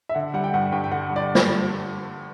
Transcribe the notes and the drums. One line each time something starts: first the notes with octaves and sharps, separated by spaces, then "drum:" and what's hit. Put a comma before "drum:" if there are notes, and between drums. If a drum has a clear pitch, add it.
E5
D3 F#5
G3 F#5
G5
G2 F#5
G2 G5
G5
D3 F#5
G3
D5
drum: snare